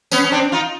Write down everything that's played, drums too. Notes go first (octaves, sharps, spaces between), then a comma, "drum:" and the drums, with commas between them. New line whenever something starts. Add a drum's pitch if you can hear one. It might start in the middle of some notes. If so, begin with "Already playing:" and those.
B3 C#4, drum: tambourine
C#4
C4 D4
D#4 F4